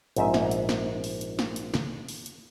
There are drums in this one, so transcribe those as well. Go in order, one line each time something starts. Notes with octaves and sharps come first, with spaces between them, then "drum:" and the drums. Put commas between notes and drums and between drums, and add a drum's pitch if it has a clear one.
A#1 G#2 C4 D#4 E5 G#5, drum: hi-hat
drum: snare
drum: hi-hat
drum: snare
drum: open hi-hat
drum: hi-hat
drum: snare
drum: hi-hat
drum: snare
drum: open hi-hat
drum: hi-hat